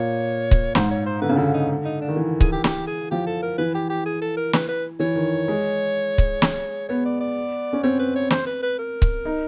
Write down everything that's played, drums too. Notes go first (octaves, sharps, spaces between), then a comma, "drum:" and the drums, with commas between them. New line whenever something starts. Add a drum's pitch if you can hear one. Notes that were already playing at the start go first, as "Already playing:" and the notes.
Already playing: A#2 C#5
drum: kick C#1
G#2 C5, drum: snare
C#5
C5
D3 B4
C#3
D3 F4
D#4
D#4
D4
D#3
E3
G#4, drum: kick C#1
G4
G4, drum: snare
G#4
F3 G4
A4
A#4
E3 B4
G4
G4
G#4
A4
A#4
B4, drum: snare
B4
E3 C#5
D#3
G#3
drum: kick C#1
drum: snare
B3 C#5
D5
D5
C#4
C4 C#5
B4
C#5
C5, drum: snare
B4
B4
A#4
drum: kick C#1
D#4